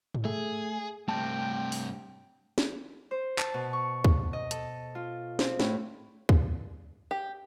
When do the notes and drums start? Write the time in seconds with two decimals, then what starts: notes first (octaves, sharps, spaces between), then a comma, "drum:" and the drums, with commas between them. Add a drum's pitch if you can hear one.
0.15 drum: tom G#2
0.25 A3 G#4
1.08 G2 C3 A3 G5 A5
1.72 drum: open hi-hat
2.58 drum: snare
3.11 C5
3.38 A5, drum: clap
3.54 B2
3.73 C#6
4.04 drum: kick D2
4.33 D#5
4.51 A4, drum: hi-hat
4.95 F4
5.39 C4, drum: snare
5.59 A2, drum: snare
6.29 drum: kick D2
7.11 G4